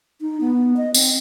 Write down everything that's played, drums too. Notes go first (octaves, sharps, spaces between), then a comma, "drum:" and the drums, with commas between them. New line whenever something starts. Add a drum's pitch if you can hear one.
D#4
B3
D#5
C4, drum: tambourine